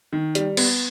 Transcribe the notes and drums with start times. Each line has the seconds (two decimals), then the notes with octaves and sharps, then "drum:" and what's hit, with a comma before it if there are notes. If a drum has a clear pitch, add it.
0.13 D#3
0.35 G3, drum: hi-hat
0.57 B3, drum: cymbal